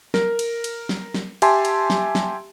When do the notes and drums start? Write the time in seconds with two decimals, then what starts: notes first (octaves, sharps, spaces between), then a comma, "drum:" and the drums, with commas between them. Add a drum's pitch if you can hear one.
0.14 A#4, drum: snare
0.39 drum: cymbal
0.64 drum: cymbal
0.89 drum: snare
1.14 drum: snare
1.42 G4 E5 G#5 A5 C6, drum: cymbal
1.65 drum: cymbal
1.90 drum: snare
2.15 drum: snare